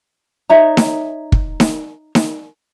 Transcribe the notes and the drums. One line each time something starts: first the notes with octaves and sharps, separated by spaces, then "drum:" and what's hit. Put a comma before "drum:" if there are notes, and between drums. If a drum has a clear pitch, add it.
D#4 C#5 E5 A#5
drum: snare D#4
drum: kick
drum: snare D#4
drum: snare D#4